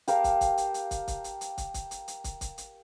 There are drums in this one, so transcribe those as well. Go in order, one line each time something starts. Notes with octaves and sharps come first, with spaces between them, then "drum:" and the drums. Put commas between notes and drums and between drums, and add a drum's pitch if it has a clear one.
G4 A#4 F5 A5, drum: hi-hat
drum: kick, hi-hat
drum: kick, hi-hat
drum: hi-hat
drum: hi-hat
drum: kick, hi-hat
drum: kick, hi-hat
drum: hi-hat
drum: hi-hat
drum: kick, hi-hat
drum: kick, hi-hat
drum: hi-hat
drum: hi-hat
drum: kick, hi-hat
drum: kick, hi-hat
drum: hi-hat